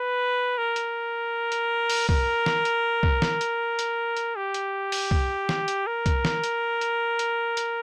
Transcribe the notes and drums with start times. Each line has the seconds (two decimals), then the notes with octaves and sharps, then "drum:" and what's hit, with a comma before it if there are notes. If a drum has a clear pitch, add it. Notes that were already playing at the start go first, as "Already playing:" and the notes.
Already playing: B4
0.58 A#4
0.76 drum: hi-hat
1.52 drum: hi-hat
1.90 drum: open hi-hat
2.09 A#4, drum: kick C2
2.46 drum: snare
2.65 drum: hi-hat
3.03 drum: kick C2
3.22 drum: snare
3.41 drum: hi-hat
3.79 drum: hi-hat
4.17 drum: hi-hat
4.36 G4
4.54 drum: hi-hat
4.92 drum: open hi-hat
5.11 drum: kick C2
5.49 drum: snare
5.68 drum: hi-hat
5.87 A#4
6.06 drum: kick C2, hi-hat
6.25 drum: snare
6.44 drum: hi-hat
6.81 drum: hi-hat
7.19 drum: hi-hat
7.57 drum: hi-hat